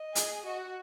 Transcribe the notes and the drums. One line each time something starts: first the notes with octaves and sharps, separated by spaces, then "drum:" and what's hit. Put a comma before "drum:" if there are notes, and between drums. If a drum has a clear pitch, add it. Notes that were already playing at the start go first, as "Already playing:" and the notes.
Already playing: D#5
G#4, drum: hi-hat
F#4 D#5
F#5